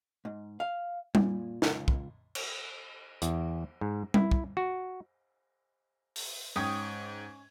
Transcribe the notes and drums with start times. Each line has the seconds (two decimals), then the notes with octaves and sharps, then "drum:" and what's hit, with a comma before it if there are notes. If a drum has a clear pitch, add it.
0.25 G#2
0.60 F5
1.15 A#2, drum: tom G3
1.62 C#2, drum: snare
1.88 drum: kick
2.35 drum: cymbal
3.22 E2, drum: hi-hat
3.81 G#2
4.14 E4, drum: tom G3
4.31 drum: kick
4.57 F#4
6.16 drum: open hi-hat
6.56 G#2 C#4 G5 D#6 G#6